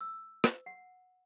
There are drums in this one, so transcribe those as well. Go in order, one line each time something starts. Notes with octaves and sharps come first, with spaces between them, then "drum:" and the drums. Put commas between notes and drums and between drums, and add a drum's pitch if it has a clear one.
E6
drum: rim click
F#5